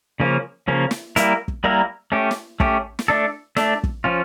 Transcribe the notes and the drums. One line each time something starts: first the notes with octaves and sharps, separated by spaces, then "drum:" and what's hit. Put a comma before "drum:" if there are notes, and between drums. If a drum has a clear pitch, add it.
C#3 F3 A#3 C#4
C#3 F3 A#3 C#4
drum: snare
G3 A#3 E4 A#4, drum: hi-hat
drum: kick
G3 A#3 E4 A#4
A3 C#4 G4
drum: snare
A3 C#4 G4, drum: kick
drum: snare
A3 D4 A4
A3 D4 A4, drum: snare
drum: kick
F3 C#4 F4